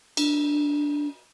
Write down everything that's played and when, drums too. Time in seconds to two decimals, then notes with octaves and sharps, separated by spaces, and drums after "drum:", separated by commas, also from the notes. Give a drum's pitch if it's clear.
0.17 D4, drum: cymbal